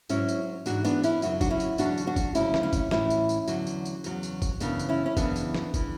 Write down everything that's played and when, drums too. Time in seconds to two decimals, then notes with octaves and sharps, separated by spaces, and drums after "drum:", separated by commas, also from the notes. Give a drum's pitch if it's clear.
0.09 G#2 F#3 C#4 E4, drum: tambourine
0.28 drum: tambourine
0.66 G#2 E3 D4 F#4, drum: tambourine
0.85 B3 D4, drum: tambourine
1.03 C#4 E4, drum: tambourine
1.22 F#2 C#3 F#3 F#4, drum: tambourine
1.41 D4 F#4, drum: kick, tambourine
1.50 C#4 E4
1.60 drum: tambourine
1.78 E2 C#3 F#3 D4 F#4, drum: tambourine
1.98 drum: tambourine
2.07 D4 F#4
2.16 drum: kick, tambourine
2.35 D2 C#3 F#3 C#4 E4, drum: tambourine
2.54 drum: snare
2.63 C#4 E4
2.73 drum: kick, tambourine
2.91 A2 E3 C#4 E4, drum: snare
3.10 drum: tambourine
3.29 drum: tambourine
3.48 E2 D3 F#3, drum: tambourine
3.67 drum: tambourine
3.85 drum: tambourine
4.04 E2 C#3 F#3, drum: tambourine
4.23 drum: tambourine
4.42 drum: kick, tambourine
4.60 F#2 C#3 E3 B3 D4, drum: tambourine
4.79 drum: tambourine
4.89 C#4 E4
5.06 C#4
5.17 F#2 C#3 E3 B3 D4, drum: kick, tambourine
5.36 drum: tambourine
5.55 drum: snare
5.74 C#3 E3, drum: kick, tambourine